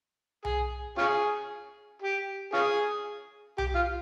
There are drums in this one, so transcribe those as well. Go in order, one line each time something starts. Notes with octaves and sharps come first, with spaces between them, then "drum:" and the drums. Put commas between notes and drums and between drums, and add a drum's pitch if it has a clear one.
G#4, drum: tom B1
C#4 F4 G#4
G4
C#4 F4 G#4
G4, drum: tom B1
F4